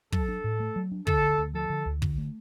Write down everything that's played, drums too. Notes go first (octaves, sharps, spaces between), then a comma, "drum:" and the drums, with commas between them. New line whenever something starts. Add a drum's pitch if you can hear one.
F#3 A4, drum: kick
D4
A2
A3
F#3
D4
D3 A4, drum: kick
D2
D2
F3 A4
D3
D2
D3, drum: kick
A3